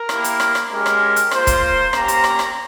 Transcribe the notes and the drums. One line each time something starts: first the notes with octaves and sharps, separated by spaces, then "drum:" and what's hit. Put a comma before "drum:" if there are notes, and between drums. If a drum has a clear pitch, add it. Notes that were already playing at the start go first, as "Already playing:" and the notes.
Already playing: A#4
A#3 E4 G4, drum: rim click
drum: hi-hat
drum: rim click
drum: rim click
G#3 C#4 G4 A#4
drum: rim click
drum: hi-hat
A#3 F4 C5, drum: rim click
drum: kick, hi-hat
A#3 C#4 G4 A#5, drum: rim click
drum: hi-hat
drum: rim click
drum: rim click